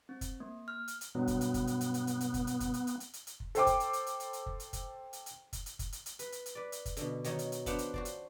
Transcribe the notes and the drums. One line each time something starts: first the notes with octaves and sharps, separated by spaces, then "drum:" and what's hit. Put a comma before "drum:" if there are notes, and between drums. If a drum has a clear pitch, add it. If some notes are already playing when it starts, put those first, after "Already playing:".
C4
drum: kick, hi-hat
A#3
F6
drum: hi-hat
drum: hi-hat
G2 B2 F#3 B3
drum: kick, hi-hat
drum: hi-hat
drum: kick, hi-hat
drum: hi-hat
drum: hi-hat
drum: hi-hat
drum: hi-hat
drum: hi-hat
drum: kick, hi-hat
drum: hi-hat
drum: kick, hi-hat
drum: hi-hat
drum: hi-hat
drum: hi-hat
drum: hi-hat
drum: hi-hat
drum: kick
A4 C5 G5 D6, drum: hi-hat
drum: kick, hi-hat
drum: hi-hat
drum: hi-hat
drum: hi-hat
drum: hi-hat
drum: hi-hat
drum: kick
drum: hi-hat
drum: kick, hi-hat
drum: hi-hat
drum: hi-hat
drum: kick, hi-hat
drum: hi-hat
drum: kick, hi-hat
drum: hi-hat
drum: hi-hat
B4, drum: hi-hat
drum: hi-hat
drum: hi-hat
B4 D5
drum: hi-hat
drum: kick, hi-hat
B2 D3, drum: hi-hat
D#3 F#3 D#4 C#5, drum: hi-hat
drum: hi-hat
drum: hi-hat
B3 D4 C5 F5 F#5, drum: kick, hi-hat
drum: hi-hat
F#4 C5 D5, drum: kick
drum: hi-hat